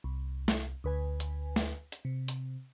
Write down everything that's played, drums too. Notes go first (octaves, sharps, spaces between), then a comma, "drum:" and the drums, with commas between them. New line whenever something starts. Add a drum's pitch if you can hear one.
C2
drum: snare
D2 B4 G#5
drum: hi-hat
drum: snare
drum: hi-hat
C3
drum: hi-hat